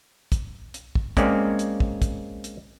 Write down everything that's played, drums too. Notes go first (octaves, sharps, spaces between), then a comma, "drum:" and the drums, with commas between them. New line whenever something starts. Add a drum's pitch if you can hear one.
drum: kick, hi-hat
drum: hi-hat
drum: kick
G#3 A#3 C4 C#4 D5, drum: kick, hi-hat
drum: hi-hat
drum: kick
drum: kick, hi-hat
drum: hi-hat